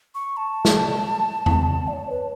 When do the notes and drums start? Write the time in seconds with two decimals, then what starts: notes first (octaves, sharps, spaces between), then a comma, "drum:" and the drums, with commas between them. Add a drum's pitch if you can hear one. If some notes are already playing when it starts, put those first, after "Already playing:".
0.15 C#6
0.37 A5
0.65 drum: snare
1.46 drum: tom E2
1.88 D5
1.93 C#5
2.10 B4